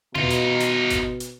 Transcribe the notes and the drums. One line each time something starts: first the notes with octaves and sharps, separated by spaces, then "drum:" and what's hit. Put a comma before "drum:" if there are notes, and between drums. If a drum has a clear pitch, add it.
B2 D#4 F4, drum: tom
drum: hi-hat
drum: hi-hat
drum: kick G#1, hi-hat
drum: hi-hat